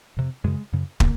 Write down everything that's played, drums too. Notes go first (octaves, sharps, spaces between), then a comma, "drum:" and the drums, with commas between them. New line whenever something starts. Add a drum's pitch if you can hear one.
F2 C3
F#2 C#3 G#3
F#2 C#3
C#3 A#3, drum: kick